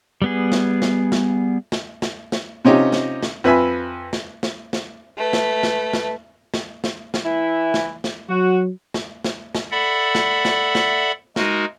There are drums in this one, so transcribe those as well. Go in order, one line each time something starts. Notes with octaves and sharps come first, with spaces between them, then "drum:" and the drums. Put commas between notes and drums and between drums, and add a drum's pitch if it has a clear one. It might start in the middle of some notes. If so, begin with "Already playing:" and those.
G3 B3 G#4
drum: snare
drum: snare
drum: snare
drum: snare
drum: snare
drum: snare
C3 C4 C#4 D#4 F4 G4
drum: snare
drum: snare
F2 B4 E5 G#5 B5
drum: snare
drum: snare
drum: snare
A3 B4
drum: snare
drum: snare
drum: snare
drum: snare
drum: snare
drum: snare
E3 E4
drum: snare
drum: snare
F#3 F#4
drum: snare
drum: snare
drum: snare
A4 D5 E5 F#5 B5
drum: snare
drum: snare
drum: snare
G#3 D#4 F#4 A#4, drum: snare